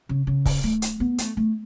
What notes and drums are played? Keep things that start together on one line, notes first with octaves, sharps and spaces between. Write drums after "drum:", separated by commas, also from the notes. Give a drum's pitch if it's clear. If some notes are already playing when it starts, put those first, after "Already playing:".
C#3
C#3
drum: kick C#1, open hi-hat
A3
drum: hi-hat
B3
A3, drum: hi-hat
A3